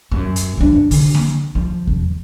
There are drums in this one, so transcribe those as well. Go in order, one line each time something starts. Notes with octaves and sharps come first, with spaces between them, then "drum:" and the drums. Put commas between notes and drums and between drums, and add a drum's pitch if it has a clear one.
F#2
drum: hi-hat
E3 D4
D3, drum: open hi-hat
drum: snare A#3
F3
drum: kick E2